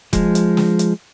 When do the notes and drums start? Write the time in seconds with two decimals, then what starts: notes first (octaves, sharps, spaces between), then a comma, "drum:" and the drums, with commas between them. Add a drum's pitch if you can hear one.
0.13 F3 G#3, drum: kick E1, hi-hat
0.35 drum: hi-hat
0.57 drum: snare
0.79 drum: hi-hat